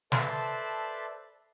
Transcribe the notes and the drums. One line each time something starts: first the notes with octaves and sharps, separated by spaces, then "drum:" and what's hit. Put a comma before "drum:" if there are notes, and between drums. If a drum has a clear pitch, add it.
A4 B4 C5 D5 E5 A5, drum: snare